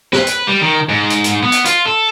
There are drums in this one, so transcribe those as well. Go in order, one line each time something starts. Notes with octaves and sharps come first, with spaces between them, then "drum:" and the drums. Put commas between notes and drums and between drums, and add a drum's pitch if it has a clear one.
B4, drum: snare
drum: hi-hat
G3
D#3
G#2
drum: hi-hat
drum: hi-hat
B3
drum: hi-hat
F4, drum: hi-hat
A4